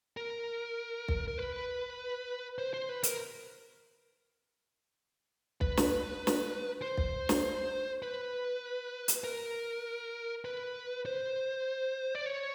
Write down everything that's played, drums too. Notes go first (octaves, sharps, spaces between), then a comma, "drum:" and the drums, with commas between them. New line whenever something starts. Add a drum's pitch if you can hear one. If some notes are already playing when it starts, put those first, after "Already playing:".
A#4
drum: kick
A#4
B4
C5
C5
B4
A#4, drum: hi-hat
B4, drum: kick
drum: snare
drum: snare
C5
drum: kick
drum: snare
B4
drum: hi-hat
A#4
B4
C5
D5
C#5